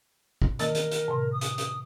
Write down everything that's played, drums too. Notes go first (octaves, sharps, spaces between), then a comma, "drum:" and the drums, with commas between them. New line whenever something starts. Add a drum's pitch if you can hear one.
drum: kick
D#3 E3 A#3 A#4, drum: hi-hat
drum: hi-hat
drum: hi-hat
A2 C3
D#6
drum: hi-hat
drum: hi-hat